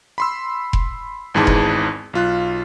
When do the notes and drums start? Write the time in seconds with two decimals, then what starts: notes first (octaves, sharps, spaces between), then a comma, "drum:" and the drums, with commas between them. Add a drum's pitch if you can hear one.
0.18 B5 C6 E6
0.73 drum: kick F1
1.34 G#1 E2 G#2 E3 G#4 A5
1.47 drum: kick F1
2.13 B1 F4 F#6